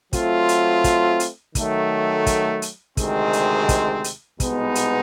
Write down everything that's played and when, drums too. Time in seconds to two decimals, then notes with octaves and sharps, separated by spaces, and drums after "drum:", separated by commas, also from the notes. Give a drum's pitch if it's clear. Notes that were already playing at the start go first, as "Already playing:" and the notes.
0.13 F#3 A3 C4 F4, drum: kick, hi-hat
0.49 drum: hi-hat
0.84 drum: kick, hi-hat
1.20 drum: hi-hat
1.55 D#3 F#3 A3, drum: kick, hi-hat
2.26 drum: kick, hi-hat
2.62 drum: hi-hat
2.97 D2 C3 D#3 G#3 C4, drum: kick, hi-hat
3.33 drum: hi-hat
3.69 drum: kick, hi-hat
4.04 drum: hi-hat
4.40 C2 B2 G#3 B3 D#4, drum: kick, hi-hat
4.75 drum: hi-hat